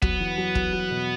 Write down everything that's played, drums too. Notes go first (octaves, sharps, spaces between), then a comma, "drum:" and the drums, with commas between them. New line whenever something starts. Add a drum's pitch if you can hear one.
F#3 B3, drum: kick
E2
F#3
F#3, drum: kick
F#3
B2